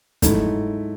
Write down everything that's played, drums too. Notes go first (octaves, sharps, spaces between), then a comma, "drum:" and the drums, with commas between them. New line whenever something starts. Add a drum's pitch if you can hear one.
G#2 F#3 A3 E4, drum: kick, hi-hat